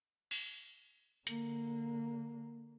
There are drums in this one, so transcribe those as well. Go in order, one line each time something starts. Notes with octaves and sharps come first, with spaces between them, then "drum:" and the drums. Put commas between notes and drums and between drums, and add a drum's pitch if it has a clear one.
drum: cymbal
D3 A#3, drum: hi-hat